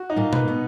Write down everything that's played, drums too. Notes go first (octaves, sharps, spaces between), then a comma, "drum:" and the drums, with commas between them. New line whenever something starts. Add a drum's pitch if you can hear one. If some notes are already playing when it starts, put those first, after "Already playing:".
Already playing: F#4
D#4
A#2 A#3
B4, drum: tom B2
B2 B3